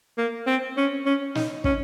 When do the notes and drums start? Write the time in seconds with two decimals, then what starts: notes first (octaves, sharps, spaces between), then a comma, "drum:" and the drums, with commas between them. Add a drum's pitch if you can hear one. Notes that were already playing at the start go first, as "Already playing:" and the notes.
0.18 A#3
0.47 C4
0.77 C#4
1.06 C#4
1.35 D#4, drum: snare
1.64 C#4, drum: kick